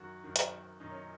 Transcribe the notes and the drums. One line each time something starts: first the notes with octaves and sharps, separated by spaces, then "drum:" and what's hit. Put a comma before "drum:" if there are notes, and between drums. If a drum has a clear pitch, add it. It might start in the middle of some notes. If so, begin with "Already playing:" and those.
Already playing: F#2 D#3 F#4
F#2 D#3
drum: hi-hat
F#2 D#3 D#4
C#4